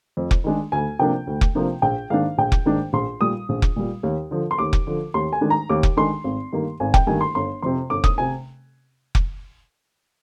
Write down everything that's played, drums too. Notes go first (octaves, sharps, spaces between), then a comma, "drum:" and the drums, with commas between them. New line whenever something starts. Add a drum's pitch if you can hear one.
F2
drum: kick F1
D#3 G#3 D4
D2 G#5
C3 F3 A#3 D4 G5
D2
drum: kick F1
C3 F3 A#3 D4
A#1 G5
G#2 D#3 A#3 D4 F5
A#1 G5
drum: kick F1
G#2 D#3 A#3 D4
A#1 C6
A#2 G3 D#6
A#1
drum: kick F1
A#2 G3
D#2
D3 F3
C6
D#2 D6
drum: kick F1
D3 F3
D#2 C6
G#5
D#3 G#3 D4
A#5
D#2 D6
drum: kick F1
D#3 G#3 D4 C6
G#1
G2 D#3 A#3
G#1 G#5
G5, drum: kick F1
G2 D#3 A#3 G#5
C6
G1 C6
F2 C3 C6
G1 D6
D#6, drum: kick F1
C3 G#5
drum: kick F1